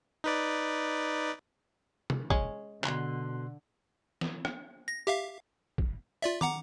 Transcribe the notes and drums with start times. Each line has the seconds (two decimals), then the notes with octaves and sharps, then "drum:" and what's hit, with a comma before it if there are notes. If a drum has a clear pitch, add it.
0.24 D#4 B4 D5
2.10 drum: tom
2.30 G#3 C#4, drum: kick
2.84 B2 D3 C6 F#6, drum: clap
4.21 drum: snare
4.45 drum: rim click
4.88 A#6
5.07 G4 E5 F5
5.78 drum: kick
6.22 F4 D5 E5
6.41 F#5 A#5 D6, drum: tom